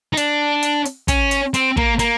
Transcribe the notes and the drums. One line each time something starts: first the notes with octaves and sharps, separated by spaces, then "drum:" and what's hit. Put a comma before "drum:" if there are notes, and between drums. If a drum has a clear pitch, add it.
D#4
D4, drum: hi-hat
drum: hi-hat
drum: hi-hat
C#4, drum: kick, hi-hat
drum: hi-hat
C4, drum: hi-hat
A#3, drum: kick
A#3, drum: hi-hat